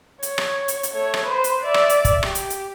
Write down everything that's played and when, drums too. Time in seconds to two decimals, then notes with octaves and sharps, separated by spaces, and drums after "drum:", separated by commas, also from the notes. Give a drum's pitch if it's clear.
0.23 C#5, drum: hi-hat
0.38 drum: rim click
0.68 drum: hi-hat
0.83 drum: hi-hat
0.93 A3 C#5
1.14 drum: rim click
1.25 B4 C5
1.44 drum: hi-hat
1.64 D5 E5
1.74 drum: rim click
1.89 drum: hi-hat
2.05 drum: kick, hi-hat
2.23 G4, drum: rim click
2.35 drum: hi-hat
2.50 drum: hi-hat